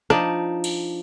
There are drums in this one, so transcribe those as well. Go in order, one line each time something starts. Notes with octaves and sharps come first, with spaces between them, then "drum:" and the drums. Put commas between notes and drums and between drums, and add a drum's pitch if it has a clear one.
F3 D4 D#4, drum: rim click
drum: cymbal